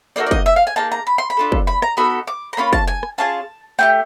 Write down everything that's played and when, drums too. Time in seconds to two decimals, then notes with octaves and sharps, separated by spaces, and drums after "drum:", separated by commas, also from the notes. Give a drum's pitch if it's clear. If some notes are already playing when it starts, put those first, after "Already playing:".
0.16 A#3 D#4 F#4 A4 D5
0.26 D5
0.31 D#5, drum: kick
0.46 E5
0.56 F5
0.67 G#5
0.76 A#3 D#4 G#4 A5
0.92 A#5
1.07 B5
1.18 C6
1.30 B5
1.37 D4 F4 A4
1.52 drum: kick
1.67 B5
1.82 A#5, drum: rim click
1.97 B3 D#4 F#4 A4 B5
2.27 D6
2.53 A#5
2.57 A#3 C#4 F4 B5
2.73 A5, drum: kick
2.88 G#5
3.03 drum: rim click
3.18 C#4 F4 G#4 A5
3.79 A3 D4 G4 G5